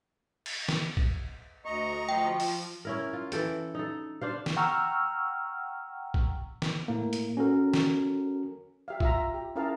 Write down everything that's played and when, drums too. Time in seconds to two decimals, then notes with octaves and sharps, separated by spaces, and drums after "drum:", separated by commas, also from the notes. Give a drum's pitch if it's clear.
0.46 drum: cymbal
0.69 drum: snare
0.97 drum: kick A#1
1.65 D2 D#5 A#5 C#6
2.09 F3 G5
2.40 drum: open hi-hat
2.85 C#4 E4 A#4
3.13 F4
3.32 E3 A4 G5, drum: hi-hat
3.75 D#4 A4
4.21 D4 C5 F5
4.46 drum: snare
4.56 F#5 G5 A#5 C#6 E6 F6
6.14 drum: kick A#1
6.62 drum: snare
6.88 A2 A#3
7.13 drum: hi-hat
7.37 C#4 F#4 A4 A#4
7.74 drum: snare
8.88 G4 E5 F5
9.00 F4 E5 A#5, drum: kick A#1
9.34 G4
9.56 C#4 E4 G#4 A#4 F5 A5